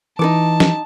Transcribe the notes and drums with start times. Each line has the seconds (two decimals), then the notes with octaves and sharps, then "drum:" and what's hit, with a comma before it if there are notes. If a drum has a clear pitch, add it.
0.19 E3 D#4 A4 A5 D6
0.60 drum: snare